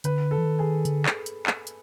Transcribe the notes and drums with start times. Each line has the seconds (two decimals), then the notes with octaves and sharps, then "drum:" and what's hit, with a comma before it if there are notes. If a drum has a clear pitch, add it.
0.04 D3 B4, drum: hi-hat
0.31 A4
0.38 E3
0.44 D#3
0.59 G#4
0.85 D3, drum: hi-hat
1.06 drum: clap
1.26 drum: hi-hat
1.47 drum: clap
1.67 drum: hi-hat